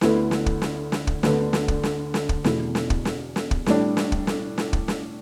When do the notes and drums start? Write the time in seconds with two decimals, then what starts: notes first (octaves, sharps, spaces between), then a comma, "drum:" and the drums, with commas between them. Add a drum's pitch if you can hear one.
0.01 D2 D3 B3 E4, drum: snare
0.31 drum: snare
0.46 drum: kick
0.62 drum: snare
0.92 drum: snare
1.07 drum: kick
1.23 D2 D3 B3 D4, drum: snare
1.53 drum: snare
1.68 drum: kick
1.83 drum: snare
2.14 drum: snare
2.29 drum: kick
2.44 E2 B2 A3 E4, drum: snare
2.75 drum: snare
2.90 drum: kick
3.05 drum: snare
3.36 drum: snare
3.51 drum: kick
3.66 A2 G3 D4, drum: snare
3.97 drum: snare
4.12 drum: kick
4.27 drum: snare
4.58 drum: snare
4.73 drum: kick
4.88 drum: snare